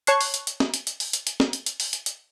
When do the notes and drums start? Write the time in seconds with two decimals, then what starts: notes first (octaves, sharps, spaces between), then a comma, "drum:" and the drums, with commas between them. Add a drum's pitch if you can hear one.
0.07 C#5 A5 C#6 F#6 C7, drum: hi-hat
0.21 drum: open hi-hat
0.34 drum: hi-hat
0.47 drum: hi-hat
0.60 drum: snare
0.74 drum: hi-hat
0.87 drum: hi-hat
1.00 drum: open hi-hat
1.13 drum: hi-hat
1.27 drum: hi-hat
1.40 drum: snare
1.53 drum: hi-hat
1.66 drum: hi-hat
1.80 drum: open hi-hat
1.93 drum: hi-hat
2.06 drum: hi-hat